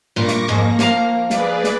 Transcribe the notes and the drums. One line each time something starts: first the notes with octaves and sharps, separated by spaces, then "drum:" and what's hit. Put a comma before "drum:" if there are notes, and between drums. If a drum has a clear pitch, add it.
G2 A#2 C#6 D6 A#6
drum: snare
F2 G#2 A#3
F3 F5 A#5, drum: snare
G#4 B4 D5, drum: snare
drum: snare